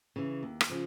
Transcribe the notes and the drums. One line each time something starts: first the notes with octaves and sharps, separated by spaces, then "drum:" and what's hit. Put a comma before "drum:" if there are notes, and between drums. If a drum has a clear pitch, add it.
C#3 E3
D#2
drum: rim click
C#3 F3